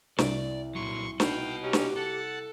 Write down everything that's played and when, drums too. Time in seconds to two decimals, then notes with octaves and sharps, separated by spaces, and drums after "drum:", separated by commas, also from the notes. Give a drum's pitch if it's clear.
0.18 C2 D5, drum: snare
0.75 A#2 F#3 C6 C#6
1.20 D#4 F#4 B4 F5 G5, drum: snare
1.62 C#4 D#4 G4
1.73 drum: snare
1.96 A4 F#5 A5